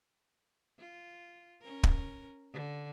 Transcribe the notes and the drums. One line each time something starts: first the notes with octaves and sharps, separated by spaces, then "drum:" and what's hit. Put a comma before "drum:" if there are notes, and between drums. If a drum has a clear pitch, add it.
F4
C#4 A#4
drum: kick
D3